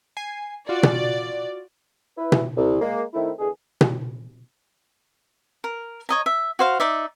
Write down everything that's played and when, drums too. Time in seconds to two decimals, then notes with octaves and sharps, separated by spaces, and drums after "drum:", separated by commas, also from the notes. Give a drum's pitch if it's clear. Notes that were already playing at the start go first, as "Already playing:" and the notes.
0.17 G#5 C7
0.69 F4 F#4 D5
0.83 drum: tom B2
2.18 E4 B4
2.32 drum: tom B2
2.57 C2
2.80 G#3 A#3
3.13 D#3 A3 C4 E4
3.39 E2 D3 G#4
3.81 drum: tom B2
5.64 A#4
6.09 C#5 D#5 A#5
6.26 E5
6.59 F#4 C5 F5
6.80 D#4 D5 E5